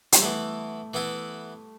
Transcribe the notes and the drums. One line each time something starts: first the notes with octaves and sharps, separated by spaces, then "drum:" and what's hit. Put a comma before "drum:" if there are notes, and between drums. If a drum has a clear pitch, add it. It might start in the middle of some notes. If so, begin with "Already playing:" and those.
G3, drum: hi-hat
E3 A3 B3 E4 A4
E3 B3 E4 A4